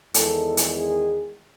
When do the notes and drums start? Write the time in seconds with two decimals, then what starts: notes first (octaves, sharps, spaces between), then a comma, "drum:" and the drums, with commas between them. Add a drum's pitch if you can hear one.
0.14 E2 D#3 G#3 A4, drum: hi-hat
0.57 drum: hi-hat
0.71 G#4